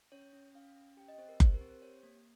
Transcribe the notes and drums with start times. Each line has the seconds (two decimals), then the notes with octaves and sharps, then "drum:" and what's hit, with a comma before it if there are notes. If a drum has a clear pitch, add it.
0.12 C#4 C#5
0.33 C#4
0.54 C#4 F5
0.75 C#4
0.97 G4 G5
1.08 D#5
1.18 C4 C5
1.29 A#4
1.40 G4 C5, drum: kick F#1
1.54 A#4
1.61 C4
1.68 C5
1.82 G4 C#5
2.03 A#3